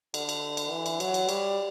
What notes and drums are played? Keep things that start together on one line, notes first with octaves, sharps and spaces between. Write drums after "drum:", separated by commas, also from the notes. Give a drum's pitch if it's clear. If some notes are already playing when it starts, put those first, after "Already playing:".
D3, drum: cymbal
drum: cymbal
drum: cymbal
E3
drum: cymbal
F#3, drum: cymbal
drum: cymbal
G3, drum: cymbal